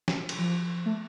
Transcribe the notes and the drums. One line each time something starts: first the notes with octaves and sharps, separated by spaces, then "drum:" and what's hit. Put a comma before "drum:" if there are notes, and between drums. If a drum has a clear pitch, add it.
drum: snare
drum: cymbal
F3
A3